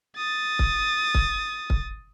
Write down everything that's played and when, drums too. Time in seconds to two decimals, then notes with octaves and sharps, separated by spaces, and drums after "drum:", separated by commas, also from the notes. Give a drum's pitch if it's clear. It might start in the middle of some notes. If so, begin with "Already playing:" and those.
0.18 D#6 A6
0.59 drum: kick
1.15 drum: kick
1.70 drum: kick